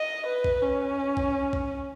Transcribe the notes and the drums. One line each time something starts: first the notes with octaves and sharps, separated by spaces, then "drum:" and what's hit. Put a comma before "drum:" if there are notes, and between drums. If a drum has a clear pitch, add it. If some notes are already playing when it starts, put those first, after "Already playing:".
Already playing: D#5
B4
drum: kick
C#4
drum: kick
drum: kick